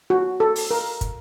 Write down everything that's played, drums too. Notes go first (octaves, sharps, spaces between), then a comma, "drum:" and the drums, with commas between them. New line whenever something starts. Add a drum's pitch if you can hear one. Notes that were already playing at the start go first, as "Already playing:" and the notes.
F#4
A4
drum: open hi-hat
A#4
drum: kick, hi-hat